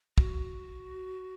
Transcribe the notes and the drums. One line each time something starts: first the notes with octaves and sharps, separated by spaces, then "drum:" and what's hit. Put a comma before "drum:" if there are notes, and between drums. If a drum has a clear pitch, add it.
F#4, drum: kick